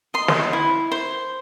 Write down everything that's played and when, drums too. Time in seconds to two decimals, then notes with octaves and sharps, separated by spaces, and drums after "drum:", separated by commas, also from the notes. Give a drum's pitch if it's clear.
0.14 D#5 C6
0.28 drum: snare
0.53 E4
0.92 C5